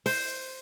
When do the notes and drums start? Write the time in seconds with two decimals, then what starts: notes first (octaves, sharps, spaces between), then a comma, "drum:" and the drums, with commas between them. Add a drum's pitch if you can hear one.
0.06 C5, drum: open hi-hat